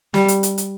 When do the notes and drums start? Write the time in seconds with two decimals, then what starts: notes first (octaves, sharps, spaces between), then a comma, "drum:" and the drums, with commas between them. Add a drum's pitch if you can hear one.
0.14 G3, drum: snare
0.28 drum: hi-hat
0.43 drum: hi-hat
0.58 drum: hi-hat